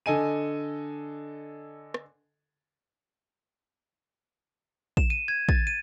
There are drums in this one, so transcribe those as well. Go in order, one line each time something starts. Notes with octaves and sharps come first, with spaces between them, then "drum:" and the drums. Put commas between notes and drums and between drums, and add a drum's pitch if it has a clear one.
D3 A4 D#5 G#5 D#7
drum: rim click
E7, drum: kick
D#7
G#6
A6, drum: kick
D#7